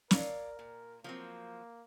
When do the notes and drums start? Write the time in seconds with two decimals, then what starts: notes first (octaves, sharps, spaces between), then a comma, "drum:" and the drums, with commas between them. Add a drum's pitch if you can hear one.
0.11 A#4 C#5 D5 F5, drum: snare
0.59 A#2
1.04 F3 F#3 A#3 C4